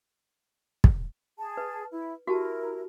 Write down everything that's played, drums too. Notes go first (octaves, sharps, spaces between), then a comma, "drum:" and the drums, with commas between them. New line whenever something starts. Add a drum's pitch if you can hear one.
drum: kick
G#4 A5
B4
E4
E4 F#4 G4 A#4 A5